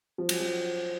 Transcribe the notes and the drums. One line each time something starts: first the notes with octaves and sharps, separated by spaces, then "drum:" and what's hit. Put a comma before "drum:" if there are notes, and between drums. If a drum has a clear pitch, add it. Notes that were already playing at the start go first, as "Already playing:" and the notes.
F3
F#3, drum: cymbal
F3